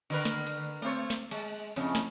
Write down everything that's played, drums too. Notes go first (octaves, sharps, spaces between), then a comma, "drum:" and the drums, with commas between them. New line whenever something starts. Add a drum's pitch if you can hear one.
D3 A#4 B4
drum: snare
drum: cymbal
A3 C4 C#5
drum: snare
G#3, drum: cymbal
F2 A2 C#3, drum: cymbal
drum: snare